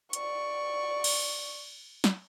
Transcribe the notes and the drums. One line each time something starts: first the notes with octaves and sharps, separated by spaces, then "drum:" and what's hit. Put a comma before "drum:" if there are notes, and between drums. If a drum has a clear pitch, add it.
D5 C#6, drum: hi-hat
drum: cymbal
drum: snare